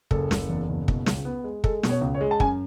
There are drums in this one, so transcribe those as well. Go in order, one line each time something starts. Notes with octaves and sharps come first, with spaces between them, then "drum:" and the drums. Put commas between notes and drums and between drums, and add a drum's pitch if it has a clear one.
F#1 A4, drum: kick
F#1, drum: snare
E2
F#1
B2, drum: kick
C#2, drum: snare
B3
G#3
G#3 A4, drum: kick
B2, drum: snare
C#5
C#2
C#5
G#3
A5
F#2 G#5, drum: kick